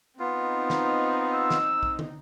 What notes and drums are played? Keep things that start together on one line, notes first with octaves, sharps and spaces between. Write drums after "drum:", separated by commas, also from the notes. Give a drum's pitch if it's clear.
B3 C4 D#4 F4
drum: snare
E6
drum: snare
drum: kick A#1
drum: tom